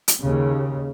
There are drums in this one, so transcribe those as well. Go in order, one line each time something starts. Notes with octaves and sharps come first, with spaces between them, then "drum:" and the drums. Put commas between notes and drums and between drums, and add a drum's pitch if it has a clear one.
drum: hi-hat
D#2 C#3